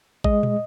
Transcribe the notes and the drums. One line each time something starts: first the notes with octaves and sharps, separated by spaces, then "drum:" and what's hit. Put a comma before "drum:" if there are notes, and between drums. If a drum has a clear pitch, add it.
G#3 D#5, drum: kick A1
drum: tom A#2